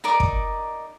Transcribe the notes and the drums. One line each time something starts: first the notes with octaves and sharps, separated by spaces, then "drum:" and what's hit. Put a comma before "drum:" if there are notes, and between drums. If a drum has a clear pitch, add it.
D#4 A#4 D5 D6
drum: kick